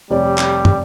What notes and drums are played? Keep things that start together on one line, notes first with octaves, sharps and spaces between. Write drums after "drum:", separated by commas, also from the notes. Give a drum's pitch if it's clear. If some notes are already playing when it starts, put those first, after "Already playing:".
F1 G3 C#5 D5
drum: clap
drum: tom